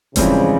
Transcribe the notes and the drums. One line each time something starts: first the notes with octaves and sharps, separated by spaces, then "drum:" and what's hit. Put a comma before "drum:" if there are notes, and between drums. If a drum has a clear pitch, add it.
A#1 G#2 C#3 E3 G3 C4, drum: kick F1, hi-hat